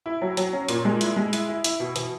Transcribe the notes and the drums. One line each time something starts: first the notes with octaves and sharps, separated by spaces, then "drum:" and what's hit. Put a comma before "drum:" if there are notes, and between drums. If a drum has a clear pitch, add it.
E4
F#3
F#3, drum: hi-hat
C#4
A#2, drum: hi-hat
G#3
E4, drum: hi-hat
G#3
E4, drum: hi-hat
E4
E4, drum: hi-hat
B2
E3, drum: hi-hat